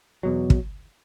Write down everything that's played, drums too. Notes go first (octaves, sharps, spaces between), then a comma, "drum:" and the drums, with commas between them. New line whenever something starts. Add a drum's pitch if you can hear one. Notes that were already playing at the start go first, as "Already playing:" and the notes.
E2 B2 F#3
drum: kick